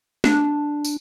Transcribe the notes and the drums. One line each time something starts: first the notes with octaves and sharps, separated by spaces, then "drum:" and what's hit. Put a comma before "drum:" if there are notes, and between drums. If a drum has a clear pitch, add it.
D4, drum: snare
drum: tambourine